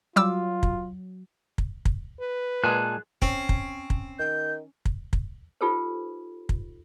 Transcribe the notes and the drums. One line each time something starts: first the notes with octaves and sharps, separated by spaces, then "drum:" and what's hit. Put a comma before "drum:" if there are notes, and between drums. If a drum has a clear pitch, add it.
F#3 G3 F4 D6 E6
drum: kick
drum: kick
drum: kick
B4
A#2 G#3 G#4 G#5 A5 F#6
C4 C#4, drum: kick
drum: kick
drum: kick
D#3 G6
drum: kick
drum: kick
D#4 F4 G4 A4 B4 C5
drum: kick